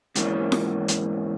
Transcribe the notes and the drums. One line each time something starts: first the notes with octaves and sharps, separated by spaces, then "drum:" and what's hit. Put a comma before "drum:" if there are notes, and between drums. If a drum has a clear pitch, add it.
E2 G#2 E3 F#3 A#3 C#4, drum: hi-hat
drum: snare F4
drum: hi-hat